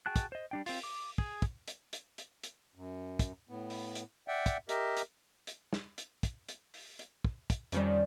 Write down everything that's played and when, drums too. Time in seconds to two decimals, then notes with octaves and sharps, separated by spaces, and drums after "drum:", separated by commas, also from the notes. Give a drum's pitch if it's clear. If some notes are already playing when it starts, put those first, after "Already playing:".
0.06 F#4 G#4 G5 A5 F#6
0.16 drum: kick, hi-hat
0.32 C5 D#5
0.51 G3 D4 G5
0.66 C4 F4, drum: open hi-hat
0.83 D6
1.18 G#4, drum: kick
1.42 drum: kick, hi-hat
1.68 drum: hi-hat
1.93 drum: hi-hat
2.18 drum: hi-hat
2.43 drum: hi-hat
2.75 F#2
3.19 drum: kick, hi-hat
3.49 A2 B3
3.70 drum: open hi-hat
3.95 drum: hi-hat
4.28 D5 E5 F#5 G5
4.46 drum: kick, hi-hat
4.69 G4 A#4 D#5 E5, drum: hi-hat
4.97 drum: hi-hat
5.47 drum: hi-hat
5.73 drum: snare
5.98 drum: hi-hat
6.23 drum: kick, hi-hat
6.49 drum: hi-hat
6.74 drum: open hi-hat
6.99 drum: hi-hat
7.24 drum: kick
7.50 drum: kick, hi-hat
7.72 F2 D#3 G3 C#4 C5 D5, drum: hi-hat